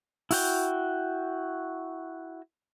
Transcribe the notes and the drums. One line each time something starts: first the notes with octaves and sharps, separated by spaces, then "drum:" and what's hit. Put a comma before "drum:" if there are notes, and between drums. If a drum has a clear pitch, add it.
E4 F#4 G5, drum: open hi-hat